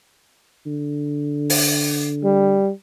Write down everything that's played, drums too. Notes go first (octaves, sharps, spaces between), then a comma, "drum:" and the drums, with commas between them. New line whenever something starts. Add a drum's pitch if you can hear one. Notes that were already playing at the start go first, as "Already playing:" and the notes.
D3
drum: open hi-hat
G3